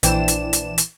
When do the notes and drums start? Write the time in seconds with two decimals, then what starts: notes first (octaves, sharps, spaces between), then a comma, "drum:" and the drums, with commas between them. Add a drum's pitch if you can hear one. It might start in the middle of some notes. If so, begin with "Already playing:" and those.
0.03 A#1 E3 D4 C5 G5 E7, drum: hi-hat
0.28 drum: hi-hat
0.53 drum: hi-hat
0.78 drum: hi-hat